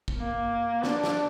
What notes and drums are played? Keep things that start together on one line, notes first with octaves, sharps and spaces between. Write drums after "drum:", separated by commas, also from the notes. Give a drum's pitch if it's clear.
drum: kick
A#3
D4, drum: snare
drum: snare